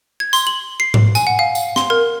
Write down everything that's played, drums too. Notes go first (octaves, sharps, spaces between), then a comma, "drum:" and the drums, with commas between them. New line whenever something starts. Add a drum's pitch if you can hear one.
G#6
C6, drum: tambourine
F#7
C7
drum: tom G#2
G#5, drum: tambourine
F#5
F5
drum: tambourine
C6, drum: snare
A#4